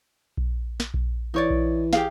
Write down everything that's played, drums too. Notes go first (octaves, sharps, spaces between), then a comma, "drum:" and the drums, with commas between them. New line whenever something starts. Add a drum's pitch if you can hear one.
drum: kick A#1
drum: snare
drum: kick A#1
E3 D#4 C#5 D5
drum: kick A#1
G4 G#4 F5, drum: snare